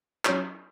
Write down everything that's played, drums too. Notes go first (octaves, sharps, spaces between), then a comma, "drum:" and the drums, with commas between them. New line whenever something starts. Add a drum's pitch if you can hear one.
F#3 C#4 F#4 C#5, drum: clap